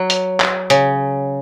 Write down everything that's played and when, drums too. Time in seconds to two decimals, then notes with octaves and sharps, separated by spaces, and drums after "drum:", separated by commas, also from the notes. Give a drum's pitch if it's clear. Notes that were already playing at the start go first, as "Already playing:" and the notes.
Already playing: F#3
0.10 drum: hi-hat
0.40 drum: clap
0.70 C#3, drum: hi-hat